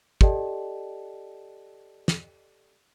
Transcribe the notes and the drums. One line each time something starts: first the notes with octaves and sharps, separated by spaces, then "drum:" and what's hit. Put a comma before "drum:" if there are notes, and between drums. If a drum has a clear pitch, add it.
G4 A4 D5 D#5 G5 A5, drum: kick
drum: snare